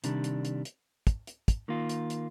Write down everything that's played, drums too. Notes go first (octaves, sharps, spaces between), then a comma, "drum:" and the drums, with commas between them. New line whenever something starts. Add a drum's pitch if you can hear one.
C3 D#3 G3 D4, drum: hi-hat
drum: hi-hat
drum: hi-hat
drum: hi-hat
drum: kick, hi-hat
drum: hi-hat
drum: kick, hi-hat
D#3 A#3 F4
drum: hi-hat
drum: hi-hat